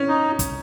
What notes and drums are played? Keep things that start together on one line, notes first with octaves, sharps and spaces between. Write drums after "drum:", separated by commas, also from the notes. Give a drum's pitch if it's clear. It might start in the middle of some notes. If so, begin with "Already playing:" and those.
Already playing: C#4
D#4
drum: kick, hi-hat